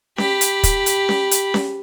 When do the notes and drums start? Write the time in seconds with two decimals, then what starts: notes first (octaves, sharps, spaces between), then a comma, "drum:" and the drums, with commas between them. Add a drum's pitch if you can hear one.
0.18 G4 B5, drum: snare C#4
0.41 drum: hi-hat
0.63 drum: kick, hi-hat
0.86 drum: hi-hat
1.09 drum: snare C#4
1.31 drum: hi-hat
1.54 drum: snare C#4